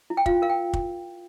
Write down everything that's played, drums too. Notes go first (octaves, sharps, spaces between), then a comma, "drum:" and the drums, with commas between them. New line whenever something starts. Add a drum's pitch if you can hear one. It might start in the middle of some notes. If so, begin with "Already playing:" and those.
E4
G5
F4 F5, drum: kick
A#4 F5
G5
drum: kick